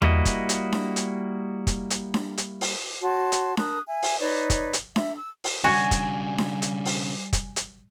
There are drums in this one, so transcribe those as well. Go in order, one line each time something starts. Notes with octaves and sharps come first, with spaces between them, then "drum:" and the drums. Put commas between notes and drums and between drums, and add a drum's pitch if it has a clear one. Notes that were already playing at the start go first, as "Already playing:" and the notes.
G3 A#3 E4 F#4 D#5, drum: tom E2
drum: kick, hi-hat
drum: hi-hat
drum: snare D4
drum: hi-hat
drum: kick, hi-hat
drum: hi-hat
drum: snare D4
drum: hi-hat
drum: open hi-hat
F#4 C#5 A5 C6
drum: hi-hat
A#4 A5 D#6 F#6, drum: snare D4
E5 G#5
drum: open hi-hat
D#4 B4 C#5 D5
drum: kick, hi-hat
drum: hi-hat
E5, drum: snare D4
E6
drum: open hi-hat
C#3 G3 D4 F#4 G#5 G#6
drum: kick, hi-hat
drum: snare D4
drum: hi-hat
drum: open hi-hat
drum: kick, hi-hat
drum: hi-hat